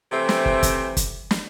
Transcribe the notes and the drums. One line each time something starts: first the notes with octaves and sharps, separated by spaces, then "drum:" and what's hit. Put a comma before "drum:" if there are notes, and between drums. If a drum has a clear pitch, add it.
C3 E3 A3 C4
drum: snare
drum: kick
drum: kick, hi-hat
drum: kick, hi-hat
drum: snare